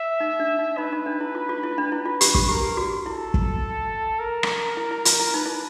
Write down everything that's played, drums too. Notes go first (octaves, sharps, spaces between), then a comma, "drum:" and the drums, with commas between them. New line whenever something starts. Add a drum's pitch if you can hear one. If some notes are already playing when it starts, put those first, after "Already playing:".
Already playing: E5
D#4
D4
D#4
D#4 B4
D#4
D4
E4
F4
F4
E4
D4
E4 B4
F4
G4, drum: hi-hat
G4, drum: kick
G4 A#4
F#4
E4 A4
drum: kick
A#4
drum: rim click
E4
E4
F4, drum: hi-hat
E4
D#4 B4
E4